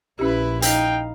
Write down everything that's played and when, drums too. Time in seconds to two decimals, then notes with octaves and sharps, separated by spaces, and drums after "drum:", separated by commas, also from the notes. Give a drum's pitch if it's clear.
0.19 A#1 C#4 E4 G4 B4
0.62 D#4 F5 G5, drum: hi-hat